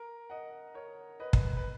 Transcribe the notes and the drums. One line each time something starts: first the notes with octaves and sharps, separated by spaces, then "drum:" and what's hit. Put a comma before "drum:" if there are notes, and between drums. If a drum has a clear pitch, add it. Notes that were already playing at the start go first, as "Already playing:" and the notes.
Already playing: A#4
D#5 F#5
A#4 C#5
B4 D#5
drum: kick
B4